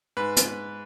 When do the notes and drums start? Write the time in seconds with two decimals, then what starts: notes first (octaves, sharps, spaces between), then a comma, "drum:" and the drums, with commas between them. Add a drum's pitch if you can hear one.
0.17 G#2 B4
0.37 drum: hi-hat